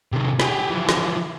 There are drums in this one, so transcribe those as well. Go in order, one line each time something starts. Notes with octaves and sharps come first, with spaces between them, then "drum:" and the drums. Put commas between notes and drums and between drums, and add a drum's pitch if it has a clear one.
C3 D#3
G4 G#4, drum: snare
E3 F3
drum: snare